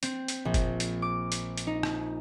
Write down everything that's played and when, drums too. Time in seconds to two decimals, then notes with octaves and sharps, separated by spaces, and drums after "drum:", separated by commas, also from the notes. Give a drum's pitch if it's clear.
0.03 C4, drum: hi-hat
0.28 drum: hi-hat
0.45 A#1
0.54 drum: kick F#1, hi-hat
0.80 drum: hi-hat
1.02 D6
1.32 drum: hi-hat
1.58 drum: hi-hat
1.67 D#4
1.83 drum: rim click